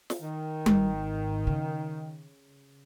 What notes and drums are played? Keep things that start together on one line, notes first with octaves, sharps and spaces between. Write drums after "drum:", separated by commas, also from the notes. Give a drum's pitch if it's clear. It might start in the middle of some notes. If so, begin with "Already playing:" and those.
drum: snare
D#3
G#1 G#2, drum: tom G3
C#3